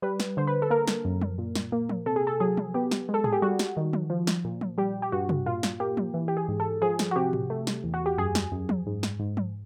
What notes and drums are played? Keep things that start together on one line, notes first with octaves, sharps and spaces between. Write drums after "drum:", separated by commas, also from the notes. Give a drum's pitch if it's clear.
G3 B4
drum: snare
D3 C5
B4
A4
A#3 A#4
drum: snare
F#2
drum: tom
A#2
drum: snare
A#3
drum: tom
C3 A4
G#4
A4
F#3 G#4
drum: tom
B3 G4
drum: snare
G#3
A4
G#4, drum: tom G#2
G4
G3 F#4
drum: snare
D#3
drum: tom
F3
drum: snare
A#2
drum: tom
G3 G4
G4
G2 F#4
drum: tom
A#2 F4
drum: snare
A#3 G4
drum: tom
E3
G4
G#4
G#2
A4
F3 G#4
drum: snare
F#4
C3 G4
drum: tom G#2
A3
drum: snare
E2
F#4
G4
F#2 G#4
drum: snare
F#2
drum: tom
G#2
drum: snare
G#2
drum: tom